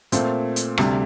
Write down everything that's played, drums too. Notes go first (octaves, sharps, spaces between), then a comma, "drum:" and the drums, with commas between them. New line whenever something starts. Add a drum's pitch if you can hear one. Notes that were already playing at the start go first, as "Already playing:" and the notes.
A#2 A3 C4, drum: hi-hat
drum: hi-hat
D2 C3 G3, drum: rim click